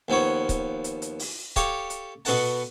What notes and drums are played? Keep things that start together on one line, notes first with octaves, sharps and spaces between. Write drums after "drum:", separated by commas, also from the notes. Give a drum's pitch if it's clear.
D#2 F3 B3 C#5
drum: kick C#1, hi-hat
drum: hi-hat
drum: hi-hat
drum: open hi-hat
G4 A4 C#5 F5, drum: kick C#1, hi-hat
drum: hi-hat
B2 B3 F#4 A4 F#5 A5, drum: open hi-hat